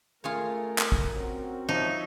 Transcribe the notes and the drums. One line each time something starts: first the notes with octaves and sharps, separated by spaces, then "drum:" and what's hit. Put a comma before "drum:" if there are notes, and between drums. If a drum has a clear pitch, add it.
A3 F4 G#4 A#4 C#5
drum: clap
drum: kick
C4 C#4 F#4
F3 D#4 C#5 E5